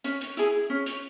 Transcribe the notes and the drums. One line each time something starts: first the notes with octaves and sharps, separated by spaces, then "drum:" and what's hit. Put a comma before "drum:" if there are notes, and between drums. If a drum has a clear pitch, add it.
C#4, drum: hi-hat
drum: hi-hat
E4 G#4, drum: hi-hat
C#4
drum: hi-hat